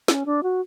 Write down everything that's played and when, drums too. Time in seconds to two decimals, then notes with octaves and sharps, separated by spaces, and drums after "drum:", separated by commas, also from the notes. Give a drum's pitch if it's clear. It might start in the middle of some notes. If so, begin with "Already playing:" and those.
0.08 C#4, drum: snare
0.26 D4
0.43 F#4